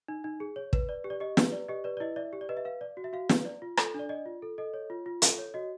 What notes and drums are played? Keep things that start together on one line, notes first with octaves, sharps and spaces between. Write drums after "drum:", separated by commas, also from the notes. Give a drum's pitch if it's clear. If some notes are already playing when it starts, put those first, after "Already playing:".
D#4
D#4
G#4
C#5
B4, drum: kick
D5
G4
D5
G4 D#5
B4, drum: snare
D5
G4 D#5
B4 D5
D5
E4 D#5
D5 E5
G4
D5
B4 D#5
E5
B4 F5
D5
F#4
E5
F#4 F5
B4, drum: snare
D5
F4
A4, drum: rim click
D4 D5
D5 D#5
F4
A4
A4 D#5
C#5
F4
F4
A4, drum: hi-hat
C#5
F#4 D#5